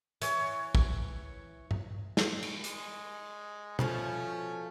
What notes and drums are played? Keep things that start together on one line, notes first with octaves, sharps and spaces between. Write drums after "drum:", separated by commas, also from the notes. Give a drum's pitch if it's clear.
E3 C#5, drum: hi-hat
drum: kick
drum: tom G2
drum: snare
drum: cymbal
G#3, drum: hi-hat
B2 F3 A3 C#4, drum: tom